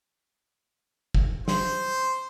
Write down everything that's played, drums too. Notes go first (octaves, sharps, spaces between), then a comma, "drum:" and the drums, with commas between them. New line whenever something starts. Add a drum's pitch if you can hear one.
drum: kick G1
C5, drum: snare